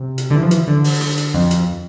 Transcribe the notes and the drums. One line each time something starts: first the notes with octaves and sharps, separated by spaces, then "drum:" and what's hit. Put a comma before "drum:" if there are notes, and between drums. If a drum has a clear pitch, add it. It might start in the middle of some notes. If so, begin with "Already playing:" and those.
Already playing: C3
drum: hi-hat
D3
E3
F3
E3, drum: hi-hat
D3
drum: open hi-hat
drum: rim click
drum: hi-hat
F2
drum: hi-hat